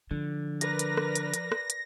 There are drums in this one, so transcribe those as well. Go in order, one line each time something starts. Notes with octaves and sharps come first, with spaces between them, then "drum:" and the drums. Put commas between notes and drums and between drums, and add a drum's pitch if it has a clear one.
D3 F3
A#4 B4 D5 A#6, drum: hi-hat
drum: hi-hat
drum: rim click
drum: hi-hat
drum: hi-hat
drum: rim click
drum: hi-hat